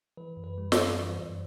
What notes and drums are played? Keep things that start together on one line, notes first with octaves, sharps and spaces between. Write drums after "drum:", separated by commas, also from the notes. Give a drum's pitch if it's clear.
E3 B4
F#2
B4
G3
D5, drum: snare
F#2
E3 C5
F#2